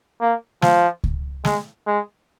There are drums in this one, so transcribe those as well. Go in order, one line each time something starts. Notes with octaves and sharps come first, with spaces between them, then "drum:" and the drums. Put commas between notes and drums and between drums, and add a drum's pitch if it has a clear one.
A#3
F3, drum: snare
drum: kick C#2
G#3, drum: snare
G#3